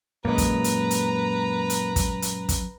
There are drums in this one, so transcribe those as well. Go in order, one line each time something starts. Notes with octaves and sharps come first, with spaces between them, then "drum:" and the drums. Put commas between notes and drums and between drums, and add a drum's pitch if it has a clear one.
F#2 A#2 G#3 A#3 B4 D#5 A#5
drum: kick, hi-hat
drum: hi-hat
drum: hi-hat
drum: hi-hat
drum: kick, hi-hat
drum: hi-hat
drum: kick, hi-hat